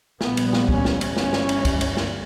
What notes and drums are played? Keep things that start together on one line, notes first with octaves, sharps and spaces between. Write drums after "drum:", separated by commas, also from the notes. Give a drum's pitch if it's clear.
A#1 A#2 G3 B3, drum: snare
drum: cymbal
drum: snare
C#4, drum: kick
drum: snare
drum: cymbal
G1 G2 E3 G3 C#4, drum: snare
drum: snare
drum: cymbal
drum: kick, cymbal
drum: cymbal
drum: snare